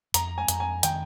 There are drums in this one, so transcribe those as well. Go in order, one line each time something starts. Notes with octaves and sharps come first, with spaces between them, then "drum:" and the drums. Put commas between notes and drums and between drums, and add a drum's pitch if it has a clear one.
F2 A#5, drum: hi-hat
G#5
F2, drum: hi-hat
G#5
D#3 G5, drum: hi-hat